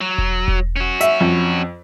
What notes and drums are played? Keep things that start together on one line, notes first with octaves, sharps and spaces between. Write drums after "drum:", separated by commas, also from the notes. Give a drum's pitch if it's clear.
F#3
drum: kick E1
drum: kick E1
C#4 F#4
E5, drum: hi-hat
F2